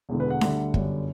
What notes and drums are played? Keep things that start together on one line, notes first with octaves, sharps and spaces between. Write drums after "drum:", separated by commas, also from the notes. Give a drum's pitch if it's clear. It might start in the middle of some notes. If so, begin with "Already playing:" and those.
E1 E2 D3
B4
F#5
D2 D3 G3, drum: snare D4
G1 F#2 D3 G3, drum: kick